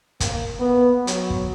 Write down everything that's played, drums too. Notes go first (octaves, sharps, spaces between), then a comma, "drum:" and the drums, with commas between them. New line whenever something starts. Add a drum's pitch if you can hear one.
A#3, drum: kick, hi-hat
B3
F#3, drum: hi-hat
drum: kick